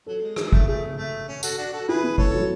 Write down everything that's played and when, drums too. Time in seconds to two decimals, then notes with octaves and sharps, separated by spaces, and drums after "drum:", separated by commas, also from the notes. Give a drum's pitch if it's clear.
0.06 F#3 A4
0.22 G#3
0.36 G#3 G#4, drum: rim click
0.53 A3, drum: kick
0.68 A3 G#4
0.98 A3
1.28 C#4
1.43 F#4 A4, drum: tambourine
1.58 D4 F#4
1.73 F#4 A4
1.88 E4 G#4 B4
2.03 B3
2.18 A3 A4 C#5, drum: kick
2.33 F#3